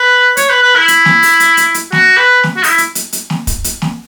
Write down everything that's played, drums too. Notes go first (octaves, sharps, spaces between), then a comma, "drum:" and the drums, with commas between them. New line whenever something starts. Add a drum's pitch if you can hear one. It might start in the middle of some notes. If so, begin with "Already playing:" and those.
Already playing: B4
C#5, drum: hi-hat
B4
B4
E4
drum: hi-hat
drum: snare
drum: open hi-hat
drum: hi-hat
drum: hi-hat
drum: hi-hat
F#4, drum: snare
B4
drum: snare
F#4
D#4, drum: open hi-hat
E4
drum: hi-hat
drum: hi-hat
drum: hi-hat
drum: snare
drum: kick, hi-hat
drum: hi-hat
drum: snare